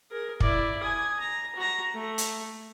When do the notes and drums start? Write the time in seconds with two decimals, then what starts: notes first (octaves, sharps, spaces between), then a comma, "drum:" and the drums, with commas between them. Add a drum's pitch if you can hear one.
0.11 G#4 A#4
0.40 E4 D5, drum: kick
0.82 G#5 D#6
1.19 A#5
1.56 F#4 A#5
1.94 A3
2.18 drum: hi-hat